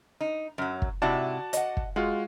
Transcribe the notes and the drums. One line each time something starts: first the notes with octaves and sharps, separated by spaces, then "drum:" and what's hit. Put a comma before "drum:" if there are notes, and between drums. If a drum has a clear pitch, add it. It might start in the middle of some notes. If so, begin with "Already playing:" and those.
D#4
F#2 F#3
drum: kick
G#2 C3 E4 F#4 D5 A5
D#5 F#5, drum: hi-hat
drum: kick
G#3 F4 F#4 F5